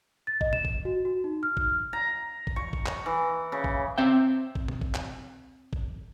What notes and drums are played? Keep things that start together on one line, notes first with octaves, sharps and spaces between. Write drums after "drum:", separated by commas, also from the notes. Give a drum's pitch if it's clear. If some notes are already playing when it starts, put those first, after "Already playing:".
A6
D#5, drum: kick A1
E7, drum: tom A#2
drum: kick A1
F#4
F#4
D#4
F6
F6, drum: kick A1
A#5
drum: kick A1
C#6
drum: kick A1
drum: clap
E3
C#3
drum: kick A1
C4 E5 G5
drum: kick A1
drum: tom B2
drum: kick A1
drum: clap
drum: kick A1